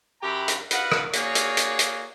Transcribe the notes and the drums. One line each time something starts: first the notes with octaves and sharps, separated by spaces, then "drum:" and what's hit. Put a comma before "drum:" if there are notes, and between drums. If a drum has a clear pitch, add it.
F#2 G4 E5 G5 A#5 B5
drum: hi-hat
F#4 B4 D#5 F5 F#5, drum: hi-hat
drum: rim click
A#3 F#4 G#4 C#5 D5 F5, drum: hi-hat
drum: hi-hat
drum: hi-hat
drum: hi-hat